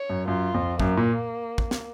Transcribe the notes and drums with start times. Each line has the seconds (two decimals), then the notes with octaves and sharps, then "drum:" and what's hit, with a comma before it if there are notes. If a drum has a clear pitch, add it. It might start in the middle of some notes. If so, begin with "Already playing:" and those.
Already playing: C#5
0.10 F#2
0.27 F#2 F4
0.54 F2
0.79 F#2 A#3, drum: kick
0.97 A#2
1.58 drum: kick
1.71 drum: snare